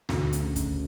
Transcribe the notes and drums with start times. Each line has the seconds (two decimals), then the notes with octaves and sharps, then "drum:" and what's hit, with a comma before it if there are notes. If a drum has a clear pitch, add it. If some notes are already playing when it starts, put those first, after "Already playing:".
0.09 D2, drum: snare
0.33 drum: hi-hat
0.44 C#3
0.56 drum: kick, hi-hat